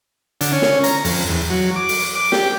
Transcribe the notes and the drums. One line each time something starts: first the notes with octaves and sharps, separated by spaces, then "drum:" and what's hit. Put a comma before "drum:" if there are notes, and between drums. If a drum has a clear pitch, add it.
D3, drum: hi-hat
C#4
drum: snare
A#5, drum: hi-hat
F2, drum: open hi-hat
E2
F#3
D6
drum: open hi-hat
D6
G4, drum: snare